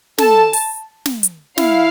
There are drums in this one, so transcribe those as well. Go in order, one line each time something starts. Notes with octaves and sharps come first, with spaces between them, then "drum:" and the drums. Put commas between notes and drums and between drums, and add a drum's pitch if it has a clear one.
A4 A5, drum: snare
drum: open hi-hat
drum: snare
drum: hi-hat
E4 F5, drum: snare